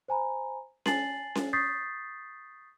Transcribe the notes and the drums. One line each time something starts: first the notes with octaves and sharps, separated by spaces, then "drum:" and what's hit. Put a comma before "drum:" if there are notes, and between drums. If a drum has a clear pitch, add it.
C5 G#5 A#5 B5
G#5 A5 A6 C7 F#7, drum: snare C#4
drum: snare C#4
C#6 D#6 G6 A6 B6 C7